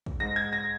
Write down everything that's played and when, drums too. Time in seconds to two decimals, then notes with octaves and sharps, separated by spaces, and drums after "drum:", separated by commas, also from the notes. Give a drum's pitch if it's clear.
0.06 drum: kick
0.20 G#2 G#3 A#6
0.36 G#6
0.53 A#6